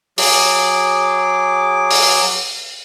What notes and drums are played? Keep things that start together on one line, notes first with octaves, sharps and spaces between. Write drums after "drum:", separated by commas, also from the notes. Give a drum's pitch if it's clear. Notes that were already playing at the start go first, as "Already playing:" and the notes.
F#3 G#4 D6, drum: open hi-hat
drum: open hi-hat